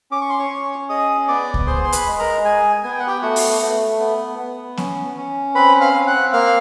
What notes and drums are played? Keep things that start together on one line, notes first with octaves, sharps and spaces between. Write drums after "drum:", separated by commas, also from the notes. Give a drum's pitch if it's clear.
C#4 D6
C#6
C6
C#5 C#6
C#4
G#4 D#5 D#6
B3 D5 D6
drum: kick C#2
G#4 C5 C6
C6
B4 B5, drum: hi-hat
G#3
A#4 A#5
G#4 G#5
B3 G#5
G5
F#5
G4 G5
A3 F#4 F#5
drum: open hi-hat
A3
B3
B3
C#4, drum: snare B3
C#4
C4 B4 B5
F5 F6
C4
F#5 F#6
A#3 F5 F6